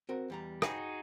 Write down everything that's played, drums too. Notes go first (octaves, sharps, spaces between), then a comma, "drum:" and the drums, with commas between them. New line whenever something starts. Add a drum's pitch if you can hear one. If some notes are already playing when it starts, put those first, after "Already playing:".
C4 F#4 A#4
E2 G3 A#5
D#4 F#4 G#4 G5 G#5 B5, drum: rim click